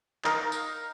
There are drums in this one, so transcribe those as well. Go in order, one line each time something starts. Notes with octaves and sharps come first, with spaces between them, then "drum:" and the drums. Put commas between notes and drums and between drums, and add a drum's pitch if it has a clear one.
D#4 A#4 F5 A#5, drum: clap
drum: tambourine